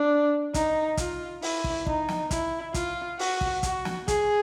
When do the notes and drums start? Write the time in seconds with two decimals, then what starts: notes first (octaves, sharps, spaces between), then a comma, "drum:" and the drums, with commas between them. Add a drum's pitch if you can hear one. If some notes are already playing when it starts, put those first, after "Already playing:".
Already playing: D4
0.54 D#4, drum: kick, hi-hat
0.97 F4, drum: kick, hi-hat
1.42 E4, drum: open hi-hat
1.64 drum: kick
1.86 D#4, drum: kick
2.08 drum: snare
2.31 E4, drum: kick, hi-hat
2.74 F4, drum: kick, hi-hat
3.19 F#4, drum: open hi-hat
3.41 drum: kick
3.63 F#4, drum: kick, hi-hat
3.85 drum: snare
4.08 G#4, drum: kick, hi-hat